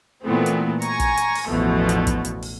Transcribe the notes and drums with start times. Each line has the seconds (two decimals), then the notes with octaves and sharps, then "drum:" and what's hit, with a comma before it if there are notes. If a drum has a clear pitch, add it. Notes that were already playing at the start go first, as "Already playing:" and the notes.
0.24 A#2 E3 A3 B3 C4
0.46 drum: hi-hat
0.82 G#5 A#5 C#6, drum: hi-hat
1.00 drum: kick, hi-hat
1.17 drum: hi-hat
1.35 drum: open hi-hat
1.49 A1 E2 B2 F3 A3
1.89 drum: hi-hat
2.07 drum: kick, hi-hat
2.25 drum: hi-hat
2.42 drum: open hi-hat